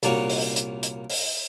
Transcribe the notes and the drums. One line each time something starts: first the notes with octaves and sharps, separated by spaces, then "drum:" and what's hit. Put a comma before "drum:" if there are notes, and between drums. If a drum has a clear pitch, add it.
C2 A#2 A#3 C#4 F#4, drum: hi-hat
drum: open hi-hat
drum: hi-hat
drum: hi-hat
drum: open hi-hat